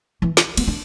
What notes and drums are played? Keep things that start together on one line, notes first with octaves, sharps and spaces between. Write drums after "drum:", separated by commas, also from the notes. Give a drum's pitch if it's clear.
E3
drum: snare
B3, drum: cymbal
D4